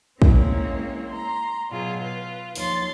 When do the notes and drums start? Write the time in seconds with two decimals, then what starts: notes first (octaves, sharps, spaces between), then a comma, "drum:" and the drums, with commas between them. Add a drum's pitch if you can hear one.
0.22 E3 G#3 A#3 C4 C#4 C#5, drum: kick
1.11 A#5 C6
1.70 B2 F#3 F4 G#4
2.01 F4 B4
2.56 D#2 F3 C#5 C6 A6, drum: open hi-hat